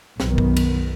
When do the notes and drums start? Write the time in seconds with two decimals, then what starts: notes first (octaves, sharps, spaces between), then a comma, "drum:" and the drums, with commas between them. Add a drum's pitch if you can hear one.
0.20 B1 F#2 D#3 B3, drum: snare
0.38 drum: kick
0.57 drum: cymbal